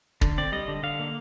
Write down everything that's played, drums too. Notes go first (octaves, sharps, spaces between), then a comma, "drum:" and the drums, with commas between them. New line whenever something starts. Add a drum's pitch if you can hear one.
D3, drum: kick
C4 D5
G3 D#5
D3
D3 F5
A#3